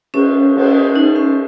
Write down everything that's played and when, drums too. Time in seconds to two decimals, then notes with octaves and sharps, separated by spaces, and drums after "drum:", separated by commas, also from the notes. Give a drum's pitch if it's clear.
0.14 C#4, drum: cymbal
0.56 drum: cymbal
0.96 D#4
1.16 C#4